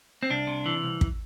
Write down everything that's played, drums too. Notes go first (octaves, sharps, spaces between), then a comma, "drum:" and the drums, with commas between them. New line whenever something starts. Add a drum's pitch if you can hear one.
C4
C2 D4
C3
E3
C2
drum: kick